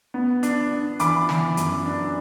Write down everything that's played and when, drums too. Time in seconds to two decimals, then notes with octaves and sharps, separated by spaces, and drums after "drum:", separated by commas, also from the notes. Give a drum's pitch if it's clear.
0.14 B3
0.43 D4, drum: hi-hat
0.71 D4
0.99 E3 B5 D6, drum: hi-hat
1.29 E3, drum: snare
1.57 F#2, drum: hi-hat
1.86 D4